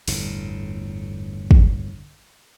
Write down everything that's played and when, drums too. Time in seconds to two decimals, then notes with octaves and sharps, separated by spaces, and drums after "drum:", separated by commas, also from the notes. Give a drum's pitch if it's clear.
0.08 G1 E2 A2, drum: open hi-hat
1.51 drum: kick